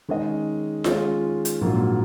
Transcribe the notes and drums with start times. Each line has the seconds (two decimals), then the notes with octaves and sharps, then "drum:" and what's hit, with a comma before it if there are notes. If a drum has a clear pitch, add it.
0.09 D#3 G#3 C#4 G#4 D#5
0.84 D#3 G#3 C#4 F4, drum: snare F4
1.45 drum: hi-hat
1.61 A#1 G#2 F#3 A#3 F4